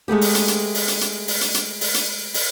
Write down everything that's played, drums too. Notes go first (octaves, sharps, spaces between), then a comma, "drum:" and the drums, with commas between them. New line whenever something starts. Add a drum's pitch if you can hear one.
G#3 A3 B3 G4
drum: open hi-hat
drum: hi-hat
drum: hi-hat
drum: open hi-hat
drum: hi-hat
drum: hi-hat
drum: open hi-hat
drum: hi-hat
drum: hi-hat
drum: open hi-hat
drum: hi-hat
drum: open hi-hat